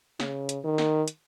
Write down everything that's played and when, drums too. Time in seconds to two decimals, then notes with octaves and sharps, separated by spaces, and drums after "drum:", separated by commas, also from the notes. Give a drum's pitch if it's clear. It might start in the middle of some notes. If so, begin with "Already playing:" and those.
0.20 C#3, drum: snare
0.49 drum: hi-hat
0.64 D#3
0.78 drum: snare
1.08 drum: hi-hat